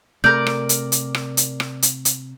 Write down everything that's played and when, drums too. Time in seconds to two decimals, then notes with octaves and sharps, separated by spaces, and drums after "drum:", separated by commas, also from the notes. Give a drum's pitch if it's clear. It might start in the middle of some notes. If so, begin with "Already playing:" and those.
0.24 C3 A3 A#4 D5 G6
0.47 drum: rim click
0.69 drum: hi-hat
0.92 drum: hi-hat
1.14 drum: rim click
1.37 drum: hi-hat
1.60 drum: rim click
1.82 drum: hi-hat
2.05 drum: hi-hat